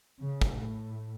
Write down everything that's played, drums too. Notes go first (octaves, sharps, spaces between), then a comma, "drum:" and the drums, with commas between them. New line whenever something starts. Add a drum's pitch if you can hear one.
C#3
drum: kick
A2